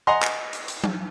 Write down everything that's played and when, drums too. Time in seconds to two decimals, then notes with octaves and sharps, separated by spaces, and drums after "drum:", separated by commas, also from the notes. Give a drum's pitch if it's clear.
0.07 D#5 F#5 G#5 A#5 C6
0.22 drum: clap
0.53 drum: hi-hat
0.68 drum: hi-hat
0.84 drum: tom F#3